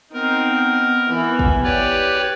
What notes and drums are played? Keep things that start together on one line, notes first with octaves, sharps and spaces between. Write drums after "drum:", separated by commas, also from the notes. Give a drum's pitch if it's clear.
B3 C4 D#4 A#4
E3 E5
drum: kick
G4 B4 C#5 D5